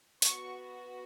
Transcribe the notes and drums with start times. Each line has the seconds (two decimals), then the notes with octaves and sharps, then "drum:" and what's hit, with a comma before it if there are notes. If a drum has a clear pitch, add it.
0.22 B3 F#4 C#6, drum: hi-hat